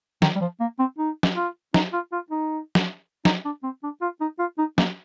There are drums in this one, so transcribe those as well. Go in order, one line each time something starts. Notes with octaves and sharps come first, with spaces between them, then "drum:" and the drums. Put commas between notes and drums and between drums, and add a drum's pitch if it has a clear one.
D#3, drum: snare
G3
F3
A#3
C4
D#4
drum: snare
F4
D#4, drum: snare
F4
F4
D#4
drum: snare
D#4, drum: snare
D4
C4
D4
F4
D#4
F4
D#4
A#3, drum: snare